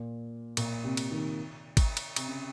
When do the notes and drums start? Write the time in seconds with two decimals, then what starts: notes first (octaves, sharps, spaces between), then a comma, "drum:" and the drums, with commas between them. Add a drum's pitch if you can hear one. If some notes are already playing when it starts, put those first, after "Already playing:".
Already playing: A#2
0.57 A#2, drum: cymbal
0.84 C3
0.97 drum: cymbal
1.11 D#3
1.77 drum: kick, cymbal
1.97 drum: cymbal
2.16 C3, drum: cymbal
2.28 C#3